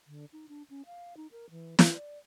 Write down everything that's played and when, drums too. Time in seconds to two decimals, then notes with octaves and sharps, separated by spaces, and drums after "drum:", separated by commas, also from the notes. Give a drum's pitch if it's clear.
0.07 D3
0.33 D#4
0.49 D4
0.70 C#4
0.86 F5
1.17 D#4
1.32 A#4
1.50 E3
1.79 A#4, drum: snare
1.93 D5